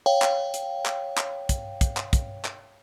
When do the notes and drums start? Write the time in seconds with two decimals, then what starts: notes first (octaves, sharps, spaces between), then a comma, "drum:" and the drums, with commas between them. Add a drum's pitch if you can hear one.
0.06 C#5 F5 G5
0.22 drum: clap
0.54 drum: hi-hat
0.86 drum: clap
1.17 drum: clap
1.49 drum: kick, hi-hat
1.81 drum: kick, hi-hat
1.97 drum: clap
2.13 drum: kick, hi-hat
2.45 drum: clap